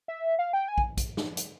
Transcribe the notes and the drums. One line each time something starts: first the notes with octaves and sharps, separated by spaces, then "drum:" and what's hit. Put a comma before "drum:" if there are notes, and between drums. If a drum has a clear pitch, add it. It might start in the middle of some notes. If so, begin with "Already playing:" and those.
E5
F5
G5
G#5
drum: kick
drum: kick, hi-hat
drum: snare
drum: hi-hat